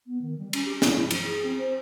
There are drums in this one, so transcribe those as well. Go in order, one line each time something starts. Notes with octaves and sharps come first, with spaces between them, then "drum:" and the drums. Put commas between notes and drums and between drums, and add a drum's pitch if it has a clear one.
B3
D#3
G3
C#4, drum: cymbal
G4
E4, drum: snare
E4
F3, drum: cymbal
G#4
C4
C5